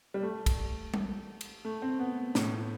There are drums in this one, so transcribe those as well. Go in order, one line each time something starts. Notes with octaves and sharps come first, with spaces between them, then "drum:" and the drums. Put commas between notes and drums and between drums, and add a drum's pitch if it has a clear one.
G3
A3
drum: kick, cymbal
drum: tom G3
drum: cymbal
A3
C4
B3
A2, drum: snare